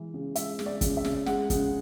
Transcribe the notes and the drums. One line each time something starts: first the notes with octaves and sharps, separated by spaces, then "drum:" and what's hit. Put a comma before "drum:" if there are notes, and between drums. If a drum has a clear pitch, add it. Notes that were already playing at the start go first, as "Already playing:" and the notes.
Already playing: E3 G#3
C#3
G#3 E5, drum: hi-hat
G#3, drum: snare
D5
C#3, drum: kick, hi-hat
E5
C#3, drum: snare
G#3 F#5, drum: snare
C#3, drum: kick, hi-hat